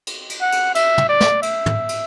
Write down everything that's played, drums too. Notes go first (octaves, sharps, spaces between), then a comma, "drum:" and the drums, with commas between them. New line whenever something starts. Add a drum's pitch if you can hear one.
drum: cymbal
drum: cymbal
F#5
drum: cymbal
E5, drum: cymbal
drum: tom
D5
drum: snare
E5, drum: cymbal
drum: tom
drum: cymbal